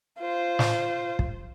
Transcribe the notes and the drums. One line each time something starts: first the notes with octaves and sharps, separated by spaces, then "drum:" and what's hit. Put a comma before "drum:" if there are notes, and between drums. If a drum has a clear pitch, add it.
F4 C5
drum: snare
drum: kick